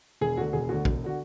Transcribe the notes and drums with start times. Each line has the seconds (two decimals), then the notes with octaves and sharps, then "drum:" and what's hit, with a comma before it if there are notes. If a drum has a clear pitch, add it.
0.21 E1 G#4
0.37 D2 D3 F#4
0.53 E1 G#4
0.69 D2 D3 F#4
0.85 E1, drum: kick A#1
1.04 D3 F#4